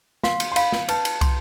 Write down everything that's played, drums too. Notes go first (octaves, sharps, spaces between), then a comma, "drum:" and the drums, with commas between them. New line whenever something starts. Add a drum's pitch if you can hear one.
F5 C6, drum: snare
drum: cymbal
C6
F5 B5, drum: cymbal
drum: snare
B4 A5, drum: cymbal
drum: cymbal
C6, drum: kick, cymbal